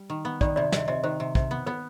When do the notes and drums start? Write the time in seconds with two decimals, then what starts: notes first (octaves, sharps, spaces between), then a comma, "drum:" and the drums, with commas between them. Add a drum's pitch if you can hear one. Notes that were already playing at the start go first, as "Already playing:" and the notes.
Already playing: G3
0.10 D#3
0.25 B3
0.41 D#3 D5, drum: kick
0.56 C3 D5
0.72 C3 D#5, drum: snare
0.88 C3 D#5
1.03 D#3 C5
1.20 C3
1.35 C3, drum: kick
1.51 B3
1.66 B3 B4